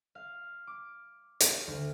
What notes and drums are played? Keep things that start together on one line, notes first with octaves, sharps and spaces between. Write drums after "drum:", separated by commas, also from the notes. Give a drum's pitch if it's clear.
F5
D6
drum: hi-hat
D2